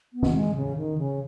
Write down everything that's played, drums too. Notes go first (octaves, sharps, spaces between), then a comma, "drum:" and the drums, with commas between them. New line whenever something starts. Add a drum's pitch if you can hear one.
B3
drum: tom
G#3
C#3
D#3
C#3